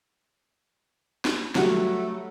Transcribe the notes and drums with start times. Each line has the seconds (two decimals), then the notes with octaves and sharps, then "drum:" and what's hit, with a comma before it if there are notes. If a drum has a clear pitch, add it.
1.25 drum: snare
1.55 F#3 G3 A3 F#5, drum: snare